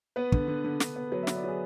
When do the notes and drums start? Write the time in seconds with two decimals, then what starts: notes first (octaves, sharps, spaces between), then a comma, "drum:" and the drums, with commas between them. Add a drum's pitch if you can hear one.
0.16 B3 B4
0.32 D3, drum: kick
0.48 D3
0.64 D3
0.80 D3, drum: snare
0.96 B3
1.12 F#3 B4
1.23 E5
1.27 B3, drum: snare
1.35 D5
1.44 F#3 G#4